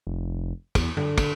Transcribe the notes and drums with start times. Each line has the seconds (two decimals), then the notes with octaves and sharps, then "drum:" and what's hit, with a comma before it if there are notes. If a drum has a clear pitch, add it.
0.07 F1
0.75 E2, drum: kick, cymbal
0.97 D3, drum: tom
1.18 drum: kick, cymbal